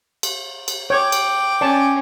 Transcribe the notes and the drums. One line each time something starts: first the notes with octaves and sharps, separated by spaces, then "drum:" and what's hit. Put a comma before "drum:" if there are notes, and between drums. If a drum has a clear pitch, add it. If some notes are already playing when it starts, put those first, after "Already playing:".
drum: cymbal
drum: cymbal
C#5 G5 D6
drum: cymbal
C#4 D5 A5